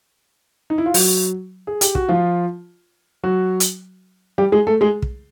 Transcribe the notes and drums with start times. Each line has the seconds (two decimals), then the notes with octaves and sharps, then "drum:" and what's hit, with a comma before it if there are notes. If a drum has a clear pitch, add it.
0.70 D#4
0.78 E4
0.86 F4
0.94 F#3 F#4, drum: open hi-hat
1.67 G#4
1.81 G4, drum: hi-hat
1.95 F#4, drum: kick
2.09 F3 F4
3.23 F#3 F#4
3.60 drum: hi-hat
4.38 G3 G4
4.52 G#3 G#4
4.67 A3 A4
4.81 G#3 G#4
5.02 drum: kick